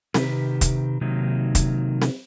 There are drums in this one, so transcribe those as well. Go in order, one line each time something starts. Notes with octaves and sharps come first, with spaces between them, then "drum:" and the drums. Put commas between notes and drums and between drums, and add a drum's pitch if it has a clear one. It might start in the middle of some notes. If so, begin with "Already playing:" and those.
C3 D#3 G4 B4, drum: snare C4
drum: kick, hi-hat
C3 D#3 F#3 A#3 D#4
drum: kick, hi-hat
drum: snare C4